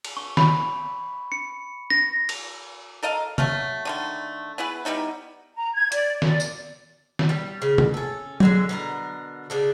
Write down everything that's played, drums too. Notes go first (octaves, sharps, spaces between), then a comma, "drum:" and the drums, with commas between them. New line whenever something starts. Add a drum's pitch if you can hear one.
drum: cymbal
C#6
B5, drum: snare
C#7
A#6
drum: cymbal
A4 A#4 D#5 F5
F#3 A3 F5, drum: tom C3
D3 D#3 A3
B3 E4 G#4 B4
G3 B3 D#4 E4
A#5
G#6
D5, drum: hi-hat
D5, drum: snare
drum: tambourine
drum: snare
G3
C#3
drum: tom
C#4 A4
D3 F#3 G#3, drum: tom F#3
B2 D3 A#4
C#3 D4 A4